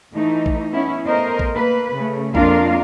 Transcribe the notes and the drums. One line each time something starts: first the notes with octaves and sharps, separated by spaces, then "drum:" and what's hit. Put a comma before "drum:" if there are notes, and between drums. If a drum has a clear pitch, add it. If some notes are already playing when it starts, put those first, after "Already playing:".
E3 A3 D#4
drum: kick A#1
B3 C#4 E4
A3 B3 A#4 C5 D#5
drum: kick A#1
A#3 B4
C#3 A3
F2 A#3 D4 F4 A#4 F5, drum: kick A#1